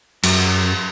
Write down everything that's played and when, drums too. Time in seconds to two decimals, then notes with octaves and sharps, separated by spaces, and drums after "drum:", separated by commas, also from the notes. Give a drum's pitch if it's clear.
0.24 F#2, drum: cymbal